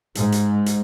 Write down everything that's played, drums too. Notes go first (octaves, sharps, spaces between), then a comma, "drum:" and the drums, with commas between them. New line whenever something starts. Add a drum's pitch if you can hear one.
G#2, drum: hi-hat
drum: hi-hat
drum: hi-hat